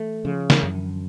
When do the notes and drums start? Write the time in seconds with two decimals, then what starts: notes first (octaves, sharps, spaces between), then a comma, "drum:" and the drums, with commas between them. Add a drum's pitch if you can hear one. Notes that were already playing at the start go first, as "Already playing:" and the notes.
Already playing: E3 A3
0.25 C#3 F3
0.50 E3, drum: snare
0.63 F#2
0.75 D3